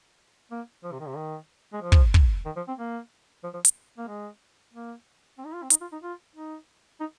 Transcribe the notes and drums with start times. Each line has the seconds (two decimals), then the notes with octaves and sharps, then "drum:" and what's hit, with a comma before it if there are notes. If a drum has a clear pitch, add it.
0.51 A#3
0.84 F3
0.92 C3
1.00 D#3
1.07 C3
1.16 D#3
1.73 G#3
1.81 F3
1.92 drum: kick
2.14 drum: kick
2.46 D#3
2.56 F3
2.68 C4
2.78 A#3
3.44 F3
3.54 F3
3.65 drum: hi-hat
3.98 A#3
4.08 G#3
4.73 A#3
5.38 C4
5.46 D#4
5.54 F4
5.63 C4
5.70 D#4, drum: hi-hat
5.81 F4
5.92 D#4
6.03 F4
6.36 D#4
7.00 D#4